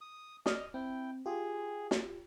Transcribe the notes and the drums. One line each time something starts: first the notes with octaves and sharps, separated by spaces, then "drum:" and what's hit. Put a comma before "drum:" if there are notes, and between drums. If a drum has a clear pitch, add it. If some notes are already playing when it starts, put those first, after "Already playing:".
D#6
D5 D#5 D#6 F6, drum: snare
C4 E4 G5
F4 G4 G#4
drum: snare